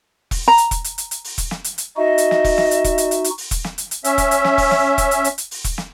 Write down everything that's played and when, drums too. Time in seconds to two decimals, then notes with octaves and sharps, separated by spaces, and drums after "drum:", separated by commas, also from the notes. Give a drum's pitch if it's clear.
0.31 drum: kick E1, open hi-hat
0.48 A#5
0.58 drum: hi-hat
0.71 drum: kick E1, hi-hat
0.84 drum: hi-hat
0.98 drum: hi-hat
1.11 drum: hi-hat
1.24 drum: open hi-hat
1.38 drum: kick E1, hi-hat
1.51 drum: snare
1.64 drum: hi-hat
1.78 drum: hi-hat
1.97 D#4 F#4 D#5 E5
2.18 drum: hi-hat
2.31 drum: snare
2.44 drum: kick E1, open hi-hat
2.58 drum: snare
2.71 drum: hi-hat
2.84 drum: kick E1, hi-hat
2.98 drum: hi-hat
3.11 drum: hi-hat
3.24 drum: hi-hat
3.38 drum: open hi-hat
3.51 drum: kick E1, hi-hat
3.64 drum: snare
3.78 drum: hi-hat
3.91 drum: hi-hat
4.04 C#4 E5, drum: hi-hat
4.18 drum: kick E1, hi-hat
4.31 drum: hi-hat
4.44 drum: snare
4.58 drum: kick E1, open hi-hat
4.71 drum: snare
4.98 drum: kick E1, hi-hat
5.11 drum: hi-hat
5.24 drum: hi-hat
5.38 drum: hi-hat
5.51 drum: open hi-hat
5.64 drum: kick E1, hi-hat
5.78 drum: snare